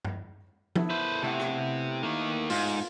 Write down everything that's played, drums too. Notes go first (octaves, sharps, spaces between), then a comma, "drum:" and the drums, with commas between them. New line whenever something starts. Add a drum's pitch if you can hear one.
drum: tom G2
B3 E4 A4, drum: tom F3
B4 C5
C3 A3 E4 F#5
drum: rim click
D#3 A#3
G#2 F4, drum: open hi-hat